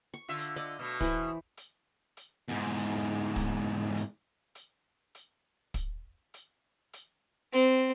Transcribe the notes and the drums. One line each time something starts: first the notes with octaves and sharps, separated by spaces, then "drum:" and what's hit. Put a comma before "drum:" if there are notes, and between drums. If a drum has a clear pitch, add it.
C#6
D3 F4 E5
drum: hi-hat
D5 D#5
B2 A3
E3 C5 B5, drum: kick, hi-hat
drum: hi-hat
drum: hi-hat
E2 G#2
drum: hi-hat
drum: kick, hi-hat
drum: hi-hat
drum: hi-hat
drum: hi-hat
drum: kick, hi-hat
drum: hi-hat
drum: hi-hat
C4, drum: hi-hat